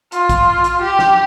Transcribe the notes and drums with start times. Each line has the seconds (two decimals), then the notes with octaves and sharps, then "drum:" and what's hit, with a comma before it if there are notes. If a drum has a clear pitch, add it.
0.12 F4, drum: hi-hat
0.29 drum: kick, hi-hat
0.64 drum: hi-hat
0.82 G4
0.99 drum: snare